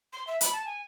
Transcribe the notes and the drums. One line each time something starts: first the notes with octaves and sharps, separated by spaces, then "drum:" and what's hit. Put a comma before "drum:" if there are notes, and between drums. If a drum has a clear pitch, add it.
C6
E5
B5, drum: hi-hat
A5
G#5